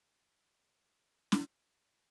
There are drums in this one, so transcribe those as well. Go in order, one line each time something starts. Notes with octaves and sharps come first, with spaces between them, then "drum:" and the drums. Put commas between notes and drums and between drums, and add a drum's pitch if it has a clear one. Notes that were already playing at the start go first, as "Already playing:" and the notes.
D5 E5 C#6 D#6
drum: snare
D#2 A#5